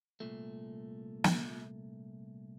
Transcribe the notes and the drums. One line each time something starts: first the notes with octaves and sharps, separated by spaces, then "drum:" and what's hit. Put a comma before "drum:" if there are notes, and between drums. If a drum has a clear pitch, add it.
C2 A#2 A3
drum: snare